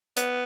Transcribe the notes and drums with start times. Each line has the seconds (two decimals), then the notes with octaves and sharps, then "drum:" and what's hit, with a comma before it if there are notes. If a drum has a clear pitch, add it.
0.17 B3, drum: hi-hat